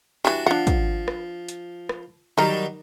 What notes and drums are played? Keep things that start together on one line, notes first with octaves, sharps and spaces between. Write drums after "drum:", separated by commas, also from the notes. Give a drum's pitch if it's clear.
E3 G3 D4 F#4
F3 D4 F#5
drum: kick, hi-hat
drum: rim click
drum: hi-hat
drum: rim click
D#3 F#3 G3 D#4 A#4